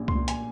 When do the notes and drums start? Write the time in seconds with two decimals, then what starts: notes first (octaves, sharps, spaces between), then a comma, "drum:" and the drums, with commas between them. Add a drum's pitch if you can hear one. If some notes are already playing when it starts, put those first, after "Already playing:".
Already playing: A#1 A#2 C#4
0.08 C6, drum: kick C2
0.15 A#2
0.28 G#5, drum: hi-hat